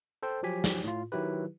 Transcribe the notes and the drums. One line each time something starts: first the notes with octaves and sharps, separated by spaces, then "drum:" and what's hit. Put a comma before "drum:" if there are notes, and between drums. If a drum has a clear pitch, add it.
A4 C5 G5
F3 F#3 G4 G#5 B6
drum: snare
A2 F4
D#3 F#3 E4 G4 B4